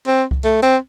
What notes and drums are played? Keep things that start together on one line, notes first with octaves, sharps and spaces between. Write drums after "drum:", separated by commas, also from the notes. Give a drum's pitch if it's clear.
C4
drum: kick C2
A3
C4